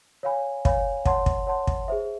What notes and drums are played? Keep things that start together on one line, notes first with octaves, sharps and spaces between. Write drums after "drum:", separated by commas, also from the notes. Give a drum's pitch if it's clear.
C#5 F5 G#5 B5
C#5 F5 G#5 B5, drum: kick
C#5 F#5 A5 C6, drum: kick
drum: kick
C#5 F#5 A5 C6
drum: kick
G#4 C5 E5